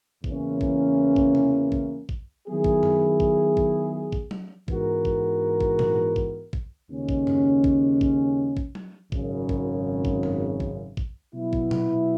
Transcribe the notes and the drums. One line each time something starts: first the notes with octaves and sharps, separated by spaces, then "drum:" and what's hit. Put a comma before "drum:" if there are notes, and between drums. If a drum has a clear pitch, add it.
E2 C#3 E3 A#3 C#4, drum: kick A1
drum: kick A1
drum: kick A1
drum: tom C3
drum: kick A1
drum: kick A1
D#3 F#3 B3 E4 G#4
drum: kick A1
drum: tom F#2
drum: kick A1
drum: kick A1
drum: kick A1
drum: tom F#3
G#2 E3 B3 F#4 A#4, drum: kick A1
drum: kick A1
drum: kick A1
drum: tom A#2
drum: kick A1
drum: kick A1
D#2 C#3 G#3 C#4
drum: kick A1
drum: tom F#2
drum: kick A1
drum: kick A1
drum: kick A1
drum: tom F#3
G#1 F#2 C#3, drum: kick A1
drum: kick A1
drum: kick A1
drum: tom F#2
drum: kick A1
drum: kick A1
B2 F#3 B3 E4
drum: kick A1
drum: tom A#2